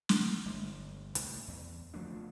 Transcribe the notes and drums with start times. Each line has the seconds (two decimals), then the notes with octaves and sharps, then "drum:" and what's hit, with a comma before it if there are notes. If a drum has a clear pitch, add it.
0.09 drum: snare
0.45 G1
1.15 C2 A2 C#3 G#3, drum: hi-hat
1.48 E2
1.94 C#2 F3 A3 D4